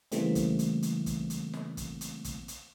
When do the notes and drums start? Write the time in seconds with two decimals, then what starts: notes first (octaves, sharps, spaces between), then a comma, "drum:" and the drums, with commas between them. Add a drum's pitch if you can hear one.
0.12 C#3 E3 G3 A3 A#3 C4, drum: hi-hat
0.35 drum: kick, hi-hat
0.59 drum: hi-hat
0.82 drum: hi-hat
1.06 drum: kick, hi-hat
1.30 drum: hi-hat
1.53 drum: snare
1.77 drum: kick, hi-hat
2.01 drum: hi-hat
2.24 drum: kick, hi-hat
2.48 drum: hi-hat